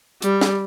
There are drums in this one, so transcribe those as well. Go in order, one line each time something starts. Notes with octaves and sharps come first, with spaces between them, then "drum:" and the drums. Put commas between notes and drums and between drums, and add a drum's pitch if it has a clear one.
G3, drum: hi-hat
drum: snare